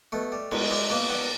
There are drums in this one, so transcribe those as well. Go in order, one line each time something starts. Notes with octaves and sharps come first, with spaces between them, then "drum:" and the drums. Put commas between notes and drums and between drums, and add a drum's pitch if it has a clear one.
B2 A3
G3
B2 G#3, drum: cymbal
G3 G#3
B2 A#3
G3 B3